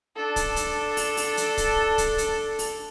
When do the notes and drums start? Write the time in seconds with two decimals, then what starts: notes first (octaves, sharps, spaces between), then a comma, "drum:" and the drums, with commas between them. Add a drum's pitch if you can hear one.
0.16 D4 A4
0.36 drum: kick, hi-hat
0.56 drum: hi-hat
0.97 drum: open hi-hat
1.17 drum: open hi-hat
1.37 drum: hi-hat
1.57 drum: kick, hi-hat
1.98 drum: kick, hi-hat
2.18 drum: hi-hat
2.59 drum: open hi-hat